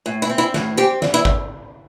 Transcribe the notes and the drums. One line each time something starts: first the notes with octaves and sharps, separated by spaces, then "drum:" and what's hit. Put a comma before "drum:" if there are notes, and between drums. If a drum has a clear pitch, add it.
A2
E4
C4
E4
A2, drum: snare
C4 G4
E2, drum: snare
E4
drum: kick G#1